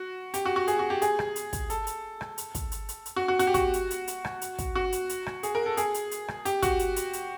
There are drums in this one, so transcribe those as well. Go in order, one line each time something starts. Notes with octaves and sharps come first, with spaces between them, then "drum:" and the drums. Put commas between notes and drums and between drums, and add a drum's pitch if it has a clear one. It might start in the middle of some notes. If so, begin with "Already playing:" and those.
Already playing: F#4
G4, drum: hi-hat
F#4
F#4
G#4, drum: hi-hat
F#4
G4
G#4, drum: hi-hat
drum: rim click
drum: hi-hat
drum: kick, hi-hat
A4, drum: hi-hat
drum: hi-hat
drum: rim click
drum: hi-hat
drum: kick, hi-hat
drum: hi-hat
drum: hi-hat
drum: hi-hat
F#4
F#4
F#4, drum: hi-hat
G4
F#4, drum: kick, hi-hat
drum: hi-hat
drum: hi-hat
drum: hi-hat
drum: rim click
drum: hi-hat
drum: kick, hi-hat
F#4
drum: hi-hat
drum: hi-hat
drum: rim click
G#4, drum: hi-hat
A#4
A4
G#4, drum: hi-hat
drum: hi-hat
drum: hi-hat
drum: rim click
G4, drum: hi-hat
F#4, drum: kick, hi-hat
drum: hi-hat
drum: hi-hat
drum: hi-hat